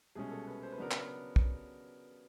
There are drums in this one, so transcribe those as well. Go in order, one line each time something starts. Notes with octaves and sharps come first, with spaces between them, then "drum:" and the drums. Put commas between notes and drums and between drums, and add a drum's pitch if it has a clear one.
C2 B2 G#3 C#4 G#4
A4
B4
C5
B4
C#3 F#3 B3 D4 A#4
B4, drum: clap
drum: kick